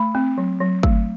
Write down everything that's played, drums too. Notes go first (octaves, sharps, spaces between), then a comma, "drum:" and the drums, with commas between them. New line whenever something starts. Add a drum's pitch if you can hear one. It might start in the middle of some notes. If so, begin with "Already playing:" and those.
Already playing: A3 B5
C4
F#3
F#3
A3, drum: kick